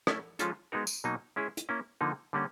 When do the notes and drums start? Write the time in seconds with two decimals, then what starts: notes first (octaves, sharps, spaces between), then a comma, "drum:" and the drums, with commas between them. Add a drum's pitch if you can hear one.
0.07 A3 C#4 E4, drum: rim click
0.39 F3 G#3 C#4 F4 A4, drum: hi-hat
0.72 G#3 B3 D#4 F#4 A#4
0.87 drum: tambourine
1.04 B2 F#3 A#3 D#4
1.36 G#3 C#4 E4 G#4
1.57 drum: hi-hat
1.69 A#3 C#4 E4
2.01 D3 F3 A#3 D#4
2.33 D3 G3 A#3 C#4